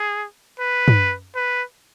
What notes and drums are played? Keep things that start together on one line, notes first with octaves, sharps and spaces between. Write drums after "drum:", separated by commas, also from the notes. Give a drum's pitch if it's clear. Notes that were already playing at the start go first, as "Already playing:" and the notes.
Already playing: G#4
B4
drum: tom
B4